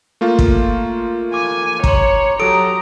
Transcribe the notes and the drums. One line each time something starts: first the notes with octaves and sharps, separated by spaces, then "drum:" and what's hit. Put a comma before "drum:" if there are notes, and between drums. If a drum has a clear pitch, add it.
A3 A#3 F4
drum: kick
G#5 D6
C#5 A#5 C6, drum: kick
F#3 G4 A4 A#5 D#6 D7